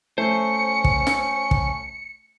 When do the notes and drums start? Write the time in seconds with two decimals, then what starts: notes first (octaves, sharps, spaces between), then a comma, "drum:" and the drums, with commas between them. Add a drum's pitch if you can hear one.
0.18 A3 C#4 C5 C#7
0.84 drum: kick
1.07 drum: snare
1.51 drum: kick